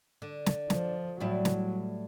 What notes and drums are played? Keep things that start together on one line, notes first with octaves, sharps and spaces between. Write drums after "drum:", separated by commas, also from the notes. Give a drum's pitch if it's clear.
D3
drum: snare
F3, drum: snare
A2 F#3 G3 E4
drum: snare